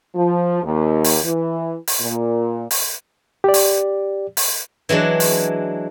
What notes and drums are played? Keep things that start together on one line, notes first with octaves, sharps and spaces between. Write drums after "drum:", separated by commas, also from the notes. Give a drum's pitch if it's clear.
F3
D#2
drum: open hi-hat
E3
drum: open hi-hat
A#2
drum: open hi-hat
G4 D5
drum: open hi-hat
drum: open hi-hat
E3 F#3 G#3 D4
drum: open hi-hat